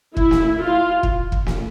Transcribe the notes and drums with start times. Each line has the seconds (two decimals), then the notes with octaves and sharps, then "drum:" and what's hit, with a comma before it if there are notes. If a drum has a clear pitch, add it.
0.17 E4, drum: kick
0.31 drum: snare
0.60 F4
1.03 drum: kick
1.32 drum: kick
1.46 drum: snare